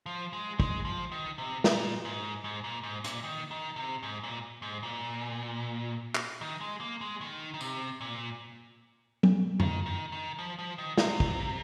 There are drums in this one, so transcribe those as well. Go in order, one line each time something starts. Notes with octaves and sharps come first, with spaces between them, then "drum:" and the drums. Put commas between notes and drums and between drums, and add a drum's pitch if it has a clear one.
F3
G#3
G#3, drum: kick
F3
D#3
C3
A#2, drum: snare
G#2
G#2
A#2
G#2
A#2, drum: hi-hat
D#3
D#3
C3
G#2
A#2
G#2
A#2
drum: clap
D#3
G#3
A#3
G#3
D#3
D#3
C3, drum: tambourine
A#2
drum: tom F#3
D#3, drum: tom F2
D#3
D#3
F3
F3
D#3
C3, drum: snare
drum: kick